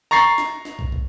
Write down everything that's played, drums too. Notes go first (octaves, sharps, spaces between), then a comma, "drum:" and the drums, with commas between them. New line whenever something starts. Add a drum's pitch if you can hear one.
A#5 C#6 A6 C7
drum: snare
drum: snare
drum: kick
drum: kick